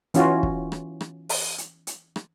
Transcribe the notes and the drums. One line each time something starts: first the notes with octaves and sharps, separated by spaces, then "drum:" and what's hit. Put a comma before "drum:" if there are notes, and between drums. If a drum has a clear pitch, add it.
E3 C#4 F4 F#4, drum: hi-hat
drum: kick
drum: rim click
drum: rim click
drum: open hi-hat
drum: hi-hat
drum: hi-hat
drum: rim click